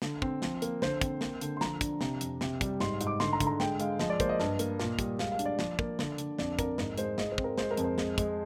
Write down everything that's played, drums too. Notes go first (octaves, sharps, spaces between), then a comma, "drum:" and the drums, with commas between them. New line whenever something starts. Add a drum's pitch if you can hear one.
D3, drum: snare
C4, drum: kick
F3, drum: snare
A#3, drum: hi-hat
D3 C5, drum: snare
C4, drum: kick, hi-hat
A#3, drum: snare
D3, drum: hi-hat
C6
F3 A#5, drum: snare
D4, drum: kick, hi-hat
C3, drum: snare
F2, drum: hi-hat
C3, drum: snare
G3, drum: kick, hi-hat
G#2 C6, drum: snare
G#2, drum: hi-hat
D6
D3 C6, drum: snare
A#5
D3, drum: kick, hi-hat
A#5
G#3 G5, drum: snare
G#3 F5, drum: hi-hat
F3 D#5, drum: snare
D5
A#3 C5, drum: kick, hi-hat
D#5
G2, drum: snare
A#3, drum: hi-hat
A#2, drum: snare
G3, drum: kick, hi-hat
G#3 F5, drum: snare
F5
D4, drum: hi-hat
D5
F3, drum: snare
A#3, drum: kick
D3, drum: snare
D3, drum: hi-hat
F2 D5, drum: snare
F2 A#4, drum: kick, hi-hat
G#2 A#4, drum: snare
G#3 C5, drum: hi-hat
G#3 D#5, drum: snare
C5
C4, drum: kick
A#4
G#3 C5, drum: snare
A#4
F2, drum: hi-hat
C5
G#3, drum: snare
G#3, drum: kick, hi-hat